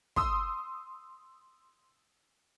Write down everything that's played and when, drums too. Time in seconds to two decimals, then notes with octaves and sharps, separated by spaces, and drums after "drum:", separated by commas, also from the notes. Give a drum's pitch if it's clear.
0.16 C6 D#6 E6, drum: kick